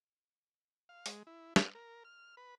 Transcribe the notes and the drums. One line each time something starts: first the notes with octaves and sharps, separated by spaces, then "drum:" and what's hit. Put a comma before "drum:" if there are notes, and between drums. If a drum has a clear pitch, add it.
F5
G#3, drum: open hi-hat
E4
F5, drum: snare
A#4
F6
B4